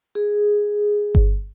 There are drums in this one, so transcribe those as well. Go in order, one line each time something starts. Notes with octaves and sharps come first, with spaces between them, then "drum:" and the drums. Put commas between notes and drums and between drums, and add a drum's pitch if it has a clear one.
G#4
drum: kick G1